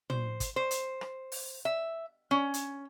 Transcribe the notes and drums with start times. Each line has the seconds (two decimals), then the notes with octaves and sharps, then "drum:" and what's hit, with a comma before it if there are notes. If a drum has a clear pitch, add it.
0.10 C5, drum: tom
0.40 drum: kick, hi-hat
0.56 C5
0.71 drum: hi-hat
1.01 drum: rim click
1.32 drum: open hi-hat
1.65 E5
2.31 C#4
2.54 drum: hi-hat